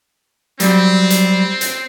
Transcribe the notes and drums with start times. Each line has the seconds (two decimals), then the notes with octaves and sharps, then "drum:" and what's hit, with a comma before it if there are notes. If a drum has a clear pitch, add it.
0.60 F#3 G3 C4, drum: hi-hat
1.10 drum: hi-hat
1.61 drum: hi-hat